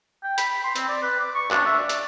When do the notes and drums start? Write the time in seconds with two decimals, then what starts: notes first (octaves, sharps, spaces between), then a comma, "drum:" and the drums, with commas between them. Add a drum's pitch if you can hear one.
0.23 G5
0.38 B5, drum: hi-hat
0.64 C6
0.76 C4, drum: hi-hat
0.89 D5
1.02 B4
1.20 D6
1.35 C#6
1.51 D4, drum: clap
1.66 E5
1.79 D5
1.89 drum: hi-hat